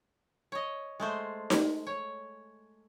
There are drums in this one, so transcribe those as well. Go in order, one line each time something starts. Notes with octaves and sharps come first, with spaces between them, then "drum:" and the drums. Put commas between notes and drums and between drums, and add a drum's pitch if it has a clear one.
C#5 D#5
G#3 A3 C5
drum: snare D#4
C#5